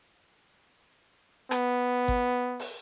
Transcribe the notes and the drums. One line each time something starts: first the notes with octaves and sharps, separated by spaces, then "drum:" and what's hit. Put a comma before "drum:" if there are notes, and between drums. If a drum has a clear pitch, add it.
B3, drum: rim click
drum: kick G#1
drum: open hi-hat